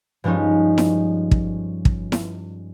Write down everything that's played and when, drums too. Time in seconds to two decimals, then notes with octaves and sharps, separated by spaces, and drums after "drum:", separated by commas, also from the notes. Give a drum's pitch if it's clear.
0.24 G2 F3 G#3 C#4 D#4
0.78 drum: snare E4
1.31 drum: kick
1.85 drum: kick
2.12 drum: snare E4